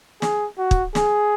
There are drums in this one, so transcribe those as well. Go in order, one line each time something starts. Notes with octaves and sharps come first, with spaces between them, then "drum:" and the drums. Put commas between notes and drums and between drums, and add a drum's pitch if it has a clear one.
G#4, drum: snare
F#4
drum: kick
G#4, drum: snare